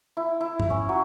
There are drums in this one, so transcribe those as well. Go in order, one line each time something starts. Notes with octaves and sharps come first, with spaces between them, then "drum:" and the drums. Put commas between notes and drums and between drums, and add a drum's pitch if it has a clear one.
E4
E4
drum: tom G2
C#4
F#3